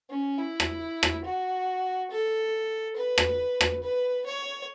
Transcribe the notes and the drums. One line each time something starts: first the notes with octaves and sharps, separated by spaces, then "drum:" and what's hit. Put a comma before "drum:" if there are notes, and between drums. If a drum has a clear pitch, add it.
C#4
E4
drum: rim click
drum: rim click
F#4
A4
B4
drum: rim click
drum: rim click
B4
C#5